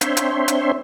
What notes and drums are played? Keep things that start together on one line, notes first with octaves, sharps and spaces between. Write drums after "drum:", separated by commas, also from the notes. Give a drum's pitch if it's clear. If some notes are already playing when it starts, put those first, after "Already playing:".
C4 D4 C5 C#5 E5 C6, drum: hi-hat
drum: hi-hat
drum: hi-hat